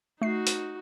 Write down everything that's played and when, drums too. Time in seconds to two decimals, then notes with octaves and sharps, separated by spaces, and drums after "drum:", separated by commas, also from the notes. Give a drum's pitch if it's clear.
0.22 A3 D#4 F#4 C7
0.47 drum: hi-hat